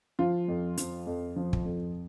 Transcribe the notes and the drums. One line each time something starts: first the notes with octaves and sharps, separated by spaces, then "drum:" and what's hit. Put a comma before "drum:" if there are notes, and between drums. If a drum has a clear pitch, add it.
F3 F4
F2
F3, drum: hi-hat
F2
F3
drum: kick
F2